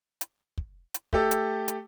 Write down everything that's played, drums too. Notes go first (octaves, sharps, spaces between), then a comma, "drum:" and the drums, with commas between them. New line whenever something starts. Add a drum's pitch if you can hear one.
drum: hi-hat
drum: kick
drum: hi-hat
A3 G4 A4, drum: kick
drum: hi-hat
drum: hi-hat